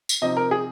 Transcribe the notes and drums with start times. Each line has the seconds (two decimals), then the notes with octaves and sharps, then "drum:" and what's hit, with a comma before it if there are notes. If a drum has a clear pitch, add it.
0.09 drum: tambourine
0.22 C3 F3 C4 D#4 D#5
0.37 A#4
0.51 G#4